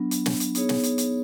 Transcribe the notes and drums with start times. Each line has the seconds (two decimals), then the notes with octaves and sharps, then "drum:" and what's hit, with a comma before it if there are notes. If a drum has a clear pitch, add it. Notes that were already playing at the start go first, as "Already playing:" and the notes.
Already playing: F#3 B3 D4
0.11 drum: hi-hat
0.26 drum: snare
0.40 drum: hi-hat
0.55 B3 D#4 G#4 C#5, drum: hi-hat
0.69 drum: snare
0.83 drum: hi-hat
0.98 drum: hi-hat